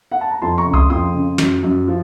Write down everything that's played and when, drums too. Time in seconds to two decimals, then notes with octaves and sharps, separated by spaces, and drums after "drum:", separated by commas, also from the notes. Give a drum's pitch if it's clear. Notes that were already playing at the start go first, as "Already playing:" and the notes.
0.12 F#5
0.21 A5
0.31 A#5
0.42 F2 A5 C6
0.58 A#5 C#6
0.66 C#3
0.74 C6 D#6, drum: kick C#2
0.90 F2 C6 D#6
1.14 C#3
1.38 F#2, drum: snare
1.63 F#2
1.88 F3